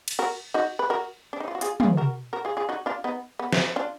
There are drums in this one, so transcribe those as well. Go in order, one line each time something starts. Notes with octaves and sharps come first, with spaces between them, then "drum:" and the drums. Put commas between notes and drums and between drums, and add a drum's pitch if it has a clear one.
drum: cymbal
F#4 A#4
D#4 F#4
B4
F#4 A#4
D4
D#4
F4
F#4
F4 G#4, drum: hi-hat
F4 G#4, drum: tom
F#4 A#4
F#4 A#4
F4 G#4
F4 G#4
D#4 F#4
D4 F4
B3 D#4
B3
drum: snare
D4 F4